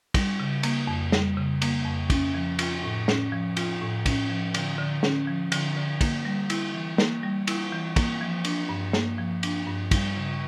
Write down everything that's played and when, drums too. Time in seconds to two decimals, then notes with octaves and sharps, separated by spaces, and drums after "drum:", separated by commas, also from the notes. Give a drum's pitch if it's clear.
0.14 G3, drum: kick, cymbal
0.40 C#3
0.63 A#3, drum: cymbal
0.87 F2
1.12 G3, drum: snare
1.37 C#3
1.62 A#3, drum: cymbal
1.85 F2
2.10 C#4, drum: kick, cymbal
2.34 F3
2.59 F4, drum: cymbal
2.83 A2
3.08 C#4, drum: snare
3.32 F3
3.57 F4, drum: cymbal
3.82 A2
4.06 C#4, drum: kick, cymbal
4.30 F3
4.54 D3, drum: cymbal
4.78 D3
5.03 C#4, drum: snare
5.28 F3
5.52 D3, drum: cymbal
5.76 D3
6.01 A#3, drum: kick, cymbal
6.25 G3
6.50 E4, drum: cymbal
6.73 E3
6.98 A#3, drum: snare
7.23 G3
7.47 E4, drum: cymbal
7.72 E3
7.96 A#3, drum: kick, cymbal
8.21 F3
8.45 D4, drum: cymbal
8.69 G2
8.93 A#3, drum: snare
9.18 F3
9.43 D4, drum: cymbal
9.67 G2
9.91 G3, drum: kick, cymbal
10.16 C#3